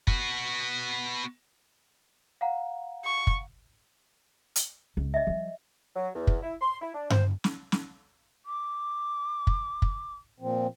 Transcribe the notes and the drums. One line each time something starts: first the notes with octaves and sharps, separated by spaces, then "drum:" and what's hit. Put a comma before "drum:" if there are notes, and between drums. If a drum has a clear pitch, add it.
B3 F#4, drum: kick
F5 F#5 A#5
C#6
drum: kick
drum: hi-hat
C#2
D#5 E5
F3 G3
F#3
E2
drum: kick
E4
C6
E4
D4
C5, drum: tom G2
drum: snare
drum: snare
D6
drum: kick
drum: kick
A#2 F3 C4